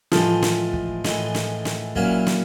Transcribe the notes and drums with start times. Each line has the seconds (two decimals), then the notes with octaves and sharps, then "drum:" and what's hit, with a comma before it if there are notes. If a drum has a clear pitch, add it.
0.12 A2 E3 F3 G#3, drum: snare
0.42 drum: snare
0.73 drum: kick
1.04 A2 E3 G#3, drum: snare
1.35 drum: snare
1.65 drum: snare
1.96 A#2 F#3 A#3 C#4 E4, drum: kick
2.27 drum: snare